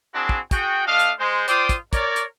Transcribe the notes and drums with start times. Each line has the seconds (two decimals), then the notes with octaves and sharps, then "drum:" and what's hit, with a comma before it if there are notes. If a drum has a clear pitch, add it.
0.14 C4 D4 E4 F#4 G#4
0.29 drum: kick
0.51 F#4 G#4 G5, drum: kick, hi-hat
0.86 A3 D4 D#5 F5
0.99 drum: hi-hat
1.19 G#3 C5
1.48 F4 C5 D5 G5 D6 D#6, drum: hi-hat
1.69 drum: kick, hi-hat
1.93 A#4 C#5 D5, drum: kick, hi-hat
2.16 drum: hi-hat